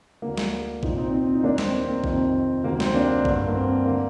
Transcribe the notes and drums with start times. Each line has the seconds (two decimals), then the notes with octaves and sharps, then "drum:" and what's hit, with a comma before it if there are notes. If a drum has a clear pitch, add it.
0.22 D2 D3 A#3
0.38 drum: snare
0.83 C2 A#2 C4 D#4, drum: kick A#1
0.98 C4 D#4
1.13 C4
1.34 D#4
1.43 D#2 D#3 A#3 D4
1.58 C4, drum: snare
1.74 C4
1.88 A#3
2.04 F2 C3 D#3 C4, drum: kick A#1
2.64 D2 C3 D#3 A#3
2.80 C4, drum: snare
2.95 A#3 D4
3.25 G2 D3, drum: kick A#1
3.47 A#3
3.55 C4
3.86 D3 A#3